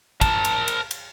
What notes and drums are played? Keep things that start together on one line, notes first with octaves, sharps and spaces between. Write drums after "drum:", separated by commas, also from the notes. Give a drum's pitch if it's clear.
A#4 A5, drum: kick, cymbal
drum: cymbal
drum: cymbal
drum: cymbal